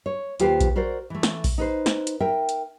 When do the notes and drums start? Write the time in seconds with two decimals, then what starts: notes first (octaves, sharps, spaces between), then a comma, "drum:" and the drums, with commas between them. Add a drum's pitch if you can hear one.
0.06 C#5
0.40 D#2 F4 G4 B4 C5, drum: hi-hat
0.60 drum: kick A#1, hi-hat
0.76 F#4 A#4 C5 D5
1.10 E3 A3
1.23 drum: snare
1.44 drum: kick A#1, open hi-hat
1.58 D#4 B4 C5
1.86 drum: snare
2.07 drum: hi-hat
2.20 A#4 E5 G5
2.49 drum: hi-hat